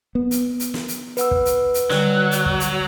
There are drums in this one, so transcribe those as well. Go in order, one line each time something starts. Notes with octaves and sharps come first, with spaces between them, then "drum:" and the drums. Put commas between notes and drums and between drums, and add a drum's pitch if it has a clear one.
B3
drum: hi-hat
drum: hi-hat
drum: snare
drum: hi-hat
B4 F#5 E6, drum: hi-hat
drum: kick
drum: hi-hat
drum: hi-hat
D3 F#3 G3, drum: snare
drum: hi-hat
drum: kick
drum: hi-hat